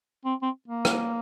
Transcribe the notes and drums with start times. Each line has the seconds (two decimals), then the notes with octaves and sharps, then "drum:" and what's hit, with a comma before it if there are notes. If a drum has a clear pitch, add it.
0.25 C4
0.42 C4
0.68 A#3
0.85 drum: rim click